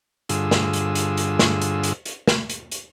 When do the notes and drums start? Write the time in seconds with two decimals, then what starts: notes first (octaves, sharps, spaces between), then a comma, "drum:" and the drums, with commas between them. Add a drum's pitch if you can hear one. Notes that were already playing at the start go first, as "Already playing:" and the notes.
0.29 G2 D3 F4 G#4 E6, drum: hi-hat
0.51 drum: snare
0.73 drum: hi-hat
0.95 drum: hi-hat
1.17 drum: hi-hat
1.39 drum: snare
1.61 drum: hi-hat
1.83 drum: hi-hat
2.05 drum: hi-hat
2.28 drum: snare
2.50 drum: hi-hat
2.72 drum: hi-hat